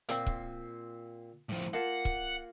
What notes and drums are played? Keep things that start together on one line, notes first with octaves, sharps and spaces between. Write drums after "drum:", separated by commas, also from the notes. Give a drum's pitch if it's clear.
A#2 C4, drum: hi-hat
drum: kick
A2 F3
A#3 F4 F#5 A5
drum: kick